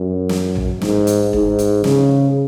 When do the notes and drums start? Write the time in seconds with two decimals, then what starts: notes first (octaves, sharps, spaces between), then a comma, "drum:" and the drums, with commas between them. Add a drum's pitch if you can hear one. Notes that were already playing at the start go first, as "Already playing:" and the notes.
Already playing: F#2
0.29 drum: snare
0.55 drum: tom A#1
0.81 G#2, drum: snare
1.07 drum: hi-hat
1.33 G#2, drum: kick E1
1.59 drum: hi-hat
1.84 C#3, drum: snare